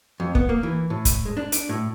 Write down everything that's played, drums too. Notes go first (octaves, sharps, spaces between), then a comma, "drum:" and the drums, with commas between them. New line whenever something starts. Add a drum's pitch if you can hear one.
F2
B3, drum: kick
A#3
E3
A2
drum: kick, hi-hat
G#3
D4
D5, drum: hi-hat
A2